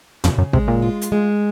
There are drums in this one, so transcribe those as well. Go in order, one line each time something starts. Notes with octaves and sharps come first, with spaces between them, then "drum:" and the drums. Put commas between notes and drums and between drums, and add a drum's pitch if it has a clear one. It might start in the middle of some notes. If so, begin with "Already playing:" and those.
F2 C#3, drum: tom A#2
F#2
C3 G#3, drum: kick
A#2
F4
drum: hi-hat
G#3